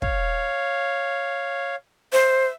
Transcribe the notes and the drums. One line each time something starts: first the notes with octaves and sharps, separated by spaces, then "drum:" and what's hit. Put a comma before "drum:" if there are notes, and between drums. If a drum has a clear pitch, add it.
C#5 F5, drum: kick
C5 E5